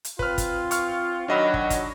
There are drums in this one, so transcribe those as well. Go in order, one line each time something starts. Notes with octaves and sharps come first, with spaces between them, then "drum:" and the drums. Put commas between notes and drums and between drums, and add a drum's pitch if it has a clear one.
drum: hi-hat
C4 F4 B4 F6, drum: kick
drum: kick, hi-hat
C#6 F6, drum: hi-hat
D#3 F#3 D4 D#5 B5
drum: kick
drum: kick, hi-hat